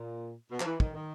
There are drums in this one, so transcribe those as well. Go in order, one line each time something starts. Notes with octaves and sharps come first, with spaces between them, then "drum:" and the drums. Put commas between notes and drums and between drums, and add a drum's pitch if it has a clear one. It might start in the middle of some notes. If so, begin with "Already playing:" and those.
Already playing: A#2
B2
F3, drum: clap
E3
D#3, drum: kick
D#3